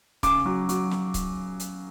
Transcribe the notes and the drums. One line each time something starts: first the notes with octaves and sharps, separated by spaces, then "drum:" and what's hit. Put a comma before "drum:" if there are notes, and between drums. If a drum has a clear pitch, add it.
C#3 D6, drum: kick C#1, hi-hat
F#3
F#3, drum: hi-hat
drum: snare
drum: kick C#1, hi-hat
drum: hi-hat